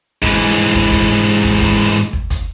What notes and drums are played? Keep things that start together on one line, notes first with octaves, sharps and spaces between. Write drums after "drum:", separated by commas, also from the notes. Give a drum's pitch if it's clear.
G#2 E3, drum: kick, hi-hat
drum: hi-hat
drum: kick
drum: kick, hi-hat
drum: hi-hat
drum: kick
drum: kick, hi-hat
drum: hi-hat
drum: kick
drum: kick, hi-hat